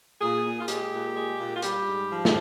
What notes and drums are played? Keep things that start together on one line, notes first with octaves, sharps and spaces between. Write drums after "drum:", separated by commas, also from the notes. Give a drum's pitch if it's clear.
A#2 G#4
A#2
F4
G#3 G4, drum: hi-hat
A#2
G#3
A#2
F4
G3 G4, drum: hi-hat
G#2
F3
drum: snare